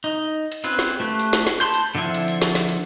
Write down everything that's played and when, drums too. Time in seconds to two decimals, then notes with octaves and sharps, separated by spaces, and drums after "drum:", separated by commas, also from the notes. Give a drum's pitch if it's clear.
0.04 D#4
0.52 drum: hi-hat
0.64 C4 C#4 F4 B4, drum: hi-hat
0.79 drum: snare
1.00 A3 G4 F#6
1.19 drum: hi-hat
1.33 drum: snare
1.47 drum: snare
1.60 A5 B5 C6 G6, drum: hi-hat
1.74 drum: hi-hat
1.95 D3 F3 C4 E4 F4
2.14 drum: hi-hat
2.28 drum: hi-hat
2.42 drum: snare
2.55 drum: snare
2.69 drum: hi-hat